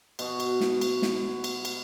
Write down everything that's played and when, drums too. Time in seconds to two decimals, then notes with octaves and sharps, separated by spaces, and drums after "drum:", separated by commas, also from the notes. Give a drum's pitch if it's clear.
0.19 B2 F#4, drum: cymbal
0.40 drum: cymbal
0.61 drum: snare
0.81 drum: cymbal
1.02 drum: snare
1.44 drum: cymbal
1.65 drum: cymbal